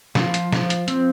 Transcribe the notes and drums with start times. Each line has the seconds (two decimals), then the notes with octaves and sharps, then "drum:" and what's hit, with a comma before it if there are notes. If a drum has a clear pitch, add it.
0.15 F3 F4, drum: snare
0.34 drum: hi-hat
0.53 F3, drum: snare
0.70 drum: hi-hat
0.88 C4, drum: hi-hat